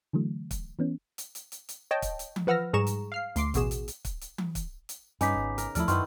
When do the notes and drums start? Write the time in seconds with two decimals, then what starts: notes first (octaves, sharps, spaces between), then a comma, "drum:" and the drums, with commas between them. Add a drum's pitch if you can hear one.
0.13 D3 E3 F#3 A3
0.51 drum: kick, hi-hat
0.79 E3 B3 C#4
1.18 drum: hi-hat
1.35 drum: hi-hat
1.52 drum: hi-hat
1.69 drum: hi-hat
1.91 C#5 D#5 G5 A5
2.02 drum: kick, hi-hat
2.19 drum: hi-hat
2.36 drum: tom E3
2.47 F3 B4 F#5 E6 F6 A#6
2.73 G#2 G3 G#4 A#5 C#6 E7
2.87 drum: hi-hat
3.12 F5 F6 C7
3.36 D2 C6 D6 C7, drum: hi-hat
3.54 A1 B2 F#4 G#4 E7, drum: hi-hat
3.71 drum: hi-hat
3.88 drum: hi-hat
4.05 drum: kick, hi-hat
4.21 drum: hi-hat
4.38 drum: tom E3
4.55 drum: kick, hi-hat
4.89 drum: hi-hat
5.21 G2 C#3 B3 D#4 G#5 D6 B6, drum: hi-hat
5.35 G#1
5.58 A#4, drum: hi-hat
5.75 D#2 F3 A3 E4 A4 D5 F6, drum: hi-hat
5.88 F#2 D#3 B3 E4 C6 C#6 F6, drum: hi-hat